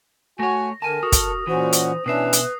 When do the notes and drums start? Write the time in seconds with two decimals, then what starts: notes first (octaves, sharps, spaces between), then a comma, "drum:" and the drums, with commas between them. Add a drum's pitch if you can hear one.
0.40 A3 F#4 C#5 G#5 A#6
0.82 D3 A#4 G#5 A5
1.03 F#4 A4 D#6
1.12 drum: kick, hi-hat
1.47 A#2 E3 C#4 F#4 C5
1.72 drum: hi-hat
2.06 B2 E3 C#4 D4 B4 E5 D#6 C7
2.33 drum: hi-hat